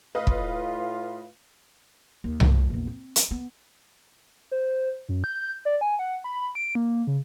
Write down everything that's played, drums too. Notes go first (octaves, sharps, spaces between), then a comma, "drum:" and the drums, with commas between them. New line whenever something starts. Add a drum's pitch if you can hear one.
A2 F4 B4 D#5 F5
drum: kick
D#2
F3 A3, drum: tom C2
A#1 E2
C4
drum: hi-hat
B3
C5
F#2
G6
D5
G#5
F#5
B5
D7
A#3
C#3